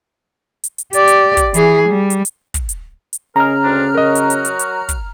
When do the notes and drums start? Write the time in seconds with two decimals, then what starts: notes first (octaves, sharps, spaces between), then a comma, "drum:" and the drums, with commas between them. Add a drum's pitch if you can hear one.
0.64 drum: hi-hat
0.78 drum: hi-hat
0.93 G4 D5, drum: hi-hat
1.08 drum: hi-hat
1.37 drum: kick, hi-hat
1.54 E3 G#4, drum: hi-hat
1.89 G3
2.10 drum: hi-hat
2.25 drum: hi-hat
2.54 drum: kick, hi-hat
2.69 drum: hi-hat
3.13 drum: hi-hat
3.36 C#3 G#3 G#4 A#4 A#5 F6
3.64 D2 C4 D4
3.95 F#3 F#4 A#4 D#5
4.15 drum: hi-hat
4.30 drum: hi-hat
4.45 drum: hi-hat
4.59 drum: hi-hat
4.89 drum: kick, hi-hat